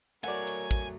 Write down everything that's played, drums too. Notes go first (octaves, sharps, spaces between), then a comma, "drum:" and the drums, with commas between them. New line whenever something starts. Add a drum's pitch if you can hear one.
F#3 A3 A#4 C#5 D5 F#5 G#5, drum: hi-hat
drum: hi-hat
drum: kick, hi-hat